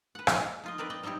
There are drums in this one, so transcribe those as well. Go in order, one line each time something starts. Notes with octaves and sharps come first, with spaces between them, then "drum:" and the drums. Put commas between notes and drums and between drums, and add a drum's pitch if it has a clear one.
B4 F#5
G#3 A#3 F4, drum: rim click
D#4 F4 D#5
C4 A#4 B4 D5
D5 D#5 G5
G3 C4 D#4 E4 G4